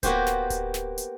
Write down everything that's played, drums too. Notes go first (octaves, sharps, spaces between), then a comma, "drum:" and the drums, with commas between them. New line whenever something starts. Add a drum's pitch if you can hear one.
A#3 B3 F#4 G4 C5, drum: kick D1, hi-hat
drum: snare
drum: kick D1, hi-hat
drum: snare
drum: hi-hat